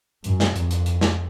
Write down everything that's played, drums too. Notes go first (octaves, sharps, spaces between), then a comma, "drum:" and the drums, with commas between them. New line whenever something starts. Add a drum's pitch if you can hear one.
F#2, drum: hi-hat
drum: snare
F2, drum: hi-hat
drum: hi-hat
drum: hi-hat
drum: snare